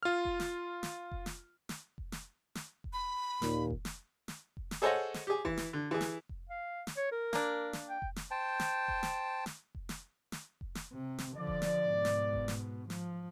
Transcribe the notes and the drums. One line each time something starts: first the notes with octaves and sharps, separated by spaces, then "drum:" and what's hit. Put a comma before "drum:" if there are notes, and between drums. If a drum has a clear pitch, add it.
F4 F6
drum: kick F1
drum: snare
drum: snare
drum: kick F1
drum: snare
drum: snare
drum: kick F1
drum: snare
drum: snare
drum: kick F1
B5
D#2 A#2, drum: snare
drum: kick F1
drum: snare
drum: snare
drum: kick F1
drum: snare
G#4 A4 C5 C#5 D#5 F#5
drum: snare
G4 G#4
E3, drum: kick F1
drum: snare
D3
E3 G#4
drum: snare
drum: kick F1
F5
drum: snare
C#5
A#4
A#3 D4, drum: snare
drum: snare
G5
drum: kick F1
drum: snare
C5 G5 A5
drum: snare
drum: kick F1
drum: snare
drum: snare
drum: kick F1
drum: snare
drum: snare
drum: kick F1
drum: snare
C3
drum: snare
D3 F3 D5
drum: kick F1
drum: snare
G#2 B2
drum: snare
drum: kick F1
drum: snare
F3, drum: snare